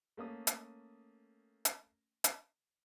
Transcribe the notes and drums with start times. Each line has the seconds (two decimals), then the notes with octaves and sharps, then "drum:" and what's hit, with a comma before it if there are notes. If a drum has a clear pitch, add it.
0.17 A3 A#3 C#4 D#6
0.47 drum: hi-hat
1.65 drum: hi-hat
2.24 drum: hi-hat